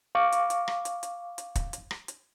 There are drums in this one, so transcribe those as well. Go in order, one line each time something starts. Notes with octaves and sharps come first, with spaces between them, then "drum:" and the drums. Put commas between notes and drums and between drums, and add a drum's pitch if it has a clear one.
F5 C#6 D6
drum: hi-hat
drum: hi-hat
drum: rim click
drum: hi-hat
drum: hi-hat
drum: hi-hat
drum: kick, hi-hat
drum: hi-hat
drum: rim click
drum: hi-hat